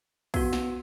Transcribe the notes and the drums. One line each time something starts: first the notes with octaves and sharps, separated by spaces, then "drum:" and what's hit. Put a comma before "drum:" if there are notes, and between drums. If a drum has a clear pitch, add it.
B3 F#4, drum: kick, open hi-hat
drum: snare